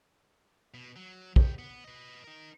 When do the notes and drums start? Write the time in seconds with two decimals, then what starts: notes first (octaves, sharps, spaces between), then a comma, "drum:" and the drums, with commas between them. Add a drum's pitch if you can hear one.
0.74 B2
0.96 F#3
1.36 B3 G5, drum: kick
1.59 B3
1.84 B4 D#5
2.24 D#4 A#4